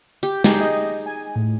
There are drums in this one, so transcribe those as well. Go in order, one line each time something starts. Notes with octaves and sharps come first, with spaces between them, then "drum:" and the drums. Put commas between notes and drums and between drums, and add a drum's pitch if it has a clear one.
G4
D#4 G4 G#4, drum: snare
D#5
G#5
A2